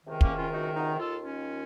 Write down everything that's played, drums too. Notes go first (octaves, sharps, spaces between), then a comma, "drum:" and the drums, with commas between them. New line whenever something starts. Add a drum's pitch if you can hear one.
C#2 C3 D#3
A#3 C#4, drum: kick
C#4 F4
D#4 F#4
D#4 F#4
D#2 D#3 F4 A4
C#4 F4